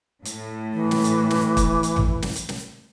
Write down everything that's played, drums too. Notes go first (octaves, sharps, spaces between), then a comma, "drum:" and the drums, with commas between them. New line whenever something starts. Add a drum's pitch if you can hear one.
A2, drum: hi-hat
E3
drum: snare
drum: hi-hat
drum: snare
drum: kick, hi-hat
drum: hi-hat
drum: tom A1
drum: snare
drum: hi-hat
drum: snare